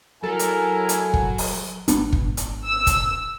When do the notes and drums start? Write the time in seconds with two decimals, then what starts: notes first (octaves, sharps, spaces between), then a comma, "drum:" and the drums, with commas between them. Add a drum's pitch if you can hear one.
0.23 F#3 E4 A4 A#4 G#5
0.39 drum: hi-hat
0.89 drum: hi-hat
1.14 drum: kick
1.38 drum: open hi-hat
1.88 G#1 B3 D4, drum: hi-hat
2.12 drum: kick
2.37 drum: hi-hat
2.67 E6
2.87 drum: kick, hi-hat